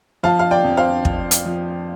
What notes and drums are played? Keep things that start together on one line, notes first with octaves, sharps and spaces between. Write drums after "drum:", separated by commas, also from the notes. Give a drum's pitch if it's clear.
F3 F5 A5
F5
D5 G5
F2
C5 F5
F2, drum: kick
drum: hi-hat
F3